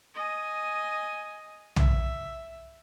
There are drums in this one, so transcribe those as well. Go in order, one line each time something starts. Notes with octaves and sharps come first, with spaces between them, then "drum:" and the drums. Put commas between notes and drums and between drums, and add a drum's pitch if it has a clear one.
D#5 G#5
E5, drum: tom B1